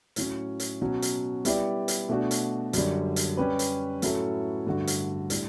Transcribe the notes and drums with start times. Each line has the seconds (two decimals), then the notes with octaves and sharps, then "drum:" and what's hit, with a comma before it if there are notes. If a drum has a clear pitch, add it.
0.16 A2 F#3 C#4, drum: hi-hat
0.60 drum: hi-hat
0.82 B2 F#3 C#4
1.02 drum: hi-hat
1.45 G3 B3 E4 G4 D5, drum: hi-hat
1.88 drum: hi-hat
2.09 B2 A3 D4 F#4
2.31 drum: hi-hat
2.73 F#2 D3 G3, drum: hi-hat
3.16 drum: hi-hat
3.37 G3 C#4 G4 B4
3.59 drum: hi-hat
4.02 A2 F#3 C#4 E4 A4, drum: hi-hat
4.67 G2 D3 A3 D4 F#4
4.87 drum: hi-hat
5.30 A2 G3 D4, drum: hi-hat